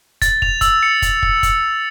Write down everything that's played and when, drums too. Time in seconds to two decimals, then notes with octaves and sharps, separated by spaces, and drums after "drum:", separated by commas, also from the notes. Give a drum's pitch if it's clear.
0.22 A6, drum: kick, hi-hat
0.42 F7, drum: kick
0.61 E6, drum: kick, hi-hat
0.83 C#7
1.02 drum: kick, hi-hat
1.23 drum: kick
1.43 drum: kick, hi-hat